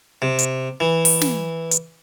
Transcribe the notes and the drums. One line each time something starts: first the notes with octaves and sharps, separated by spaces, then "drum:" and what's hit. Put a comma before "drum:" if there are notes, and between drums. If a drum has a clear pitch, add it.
C3
drum: hi-hat
E3
drum: open hi-hat
drum: snare
drum: hi-hat